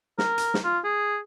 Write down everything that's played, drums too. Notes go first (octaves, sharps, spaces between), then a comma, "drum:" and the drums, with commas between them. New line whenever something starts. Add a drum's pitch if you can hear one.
A#4, drum: snare
drum: hi-hat
drum: snare
F4
G#4